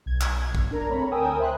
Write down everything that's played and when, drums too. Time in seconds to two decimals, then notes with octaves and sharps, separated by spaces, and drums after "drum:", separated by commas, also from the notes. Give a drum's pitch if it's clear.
0.06 B1 G#6
0.21 drum: clap
0.55 drum: kick
0.71 D4 A#4 A#5
0.90 A3 C4 C#5 B5
1.11 D2 A#4 G5 G#5 D#6 E6
1.39 C5 E5 B5 C6 F#6